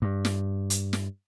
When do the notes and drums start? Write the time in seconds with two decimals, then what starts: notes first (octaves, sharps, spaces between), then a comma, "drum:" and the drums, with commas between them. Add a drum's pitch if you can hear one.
0.02 G2
0.25 drum: snare
0.70 drum: hi-hat
0.93 drum: snare